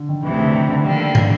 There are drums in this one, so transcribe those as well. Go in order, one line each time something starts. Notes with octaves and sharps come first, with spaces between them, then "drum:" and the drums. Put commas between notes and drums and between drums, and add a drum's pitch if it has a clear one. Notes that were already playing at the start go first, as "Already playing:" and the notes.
Already playing: D3
D#3
D2 C3 D#3 E3
D3
D#3
D3
D3 D#3 G3 A#3
D#3, drum: tom